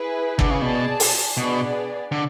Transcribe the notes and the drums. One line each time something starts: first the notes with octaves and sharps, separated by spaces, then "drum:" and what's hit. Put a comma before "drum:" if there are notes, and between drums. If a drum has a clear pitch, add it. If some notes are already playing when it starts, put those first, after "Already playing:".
Already playing: E4 G#4 B4
D3, drum: kick G1
C#3
B2 G#4 D5 A5
drum: open hi-hat
B2 B3 D4 G#4 D5
D3